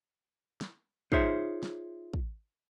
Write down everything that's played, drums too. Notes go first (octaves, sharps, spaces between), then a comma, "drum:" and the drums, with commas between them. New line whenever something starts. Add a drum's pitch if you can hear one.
drum: snare
D#4 F4 G#4 C5 C#5 E5, drum: kick
drum: snare
drum: kick